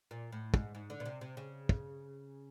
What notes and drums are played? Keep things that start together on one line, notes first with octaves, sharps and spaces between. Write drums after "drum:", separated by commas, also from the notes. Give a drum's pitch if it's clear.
A#2
A2
G#2, drum: kick
G#2
D3
B2
C3
C3
C#3
drum: kick